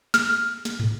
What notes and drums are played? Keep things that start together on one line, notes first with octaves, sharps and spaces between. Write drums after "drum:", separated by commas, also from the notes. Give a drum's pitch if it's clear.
F6, drum: snare
drum: snare
drum: tom